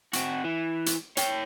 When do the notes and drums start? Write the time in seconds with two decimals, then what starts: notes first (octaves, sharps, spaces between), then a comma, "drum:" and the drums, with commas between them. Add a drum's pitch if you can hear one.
0.13 C4 F#4, drum: hi-hat
0.44 E3
0.86 drum: hi-hat
1.17 C#5 G5, drum: hi-hat